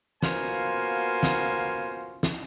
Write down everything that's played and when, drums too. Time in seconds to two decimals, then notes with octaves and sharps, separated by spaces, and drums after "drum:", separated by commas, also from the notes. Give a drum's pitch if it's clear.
0.22 A#3 B3 F4 F#4 C5 G#5, drum: snare
1.23 drum: snare
2.23 drum: snare